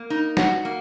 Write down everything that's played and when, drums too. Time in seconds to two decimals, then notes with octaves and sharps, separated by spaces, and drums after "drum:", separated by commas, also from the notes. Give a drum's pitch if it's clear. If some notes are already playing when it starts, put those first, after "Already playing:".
Already playing: A#3
0.10 D#4
0.37 F#4, drum: snare
0.65 A#3